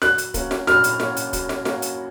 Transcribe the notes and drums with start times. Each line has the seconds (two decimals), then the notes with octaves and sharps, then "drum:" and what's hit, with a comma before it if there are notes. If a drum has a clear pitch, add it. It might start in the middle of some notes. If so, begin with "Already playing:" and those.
0.02 F#3 F#6, drum: snare
0.18 drum: hi-hat
0.34 A#3 C#4 F#4, drum: kick D1, hi-hat
0.51 drum: snare
0.67 F#3 F6, drum: snare
0.84 drum: hi-hat
1.00 A#3 C#4 F#4, drum: snare
1.16 drum: hi-hat
1.33 F#3, drum: kick D1, hi-hat
1.49 drum: snare
1.65 A#3 C#4 F#4, drum: snare
1.82 drum: hi-hat